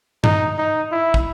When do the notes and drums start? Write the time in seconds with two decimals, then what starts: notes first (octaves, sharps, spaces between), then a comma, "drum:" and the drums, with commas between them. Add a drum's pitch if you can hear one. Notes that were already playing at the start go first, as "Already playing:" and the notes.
0.24 D#4, drum: tom G2
0.58 D#4
0.92 E4
1.14 drum: kick